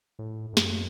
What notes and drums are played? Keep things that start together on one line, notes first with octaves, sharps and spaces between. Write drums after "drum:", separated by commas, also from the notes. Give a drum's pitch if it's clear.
A2
G#2
F#2, drum: snare